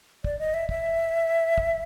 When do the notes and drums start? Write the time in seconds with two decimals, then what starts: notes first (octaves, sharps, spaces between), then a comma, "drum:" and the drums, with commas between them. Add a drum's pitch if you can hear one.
0.24 D5, drum: kick
0.39 D#5
0.54 E5
0.69 E5, drum: kick
1.58 drum: kick